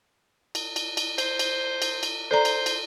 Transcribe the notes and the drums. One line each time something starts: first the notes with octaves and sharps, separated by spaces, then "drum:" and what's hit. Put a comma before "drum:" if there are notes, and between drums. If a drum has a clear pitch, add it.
drum: cymbal
drum: cymbal
drum: cymbal
C5, drum: cymbal
drum: cymbal
drum: cymbal
drum: cymbal
A4 C5 D5 A#5
drum: cymbal
drum: cymbal